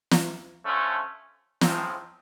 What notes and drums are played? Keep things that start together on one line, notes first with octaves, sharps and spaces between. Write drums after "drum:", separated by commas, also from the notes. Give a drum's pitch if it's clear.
drum: snare
D3 F3 A3 C#4
A2 F3 G#3 C4 D#4, drum: snare